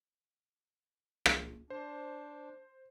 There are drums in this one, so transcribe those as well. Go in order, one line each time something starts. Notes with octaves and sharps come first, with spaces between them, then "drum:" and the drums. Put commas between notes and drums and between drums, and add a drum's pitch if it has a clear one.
drum: rim click
D4 C5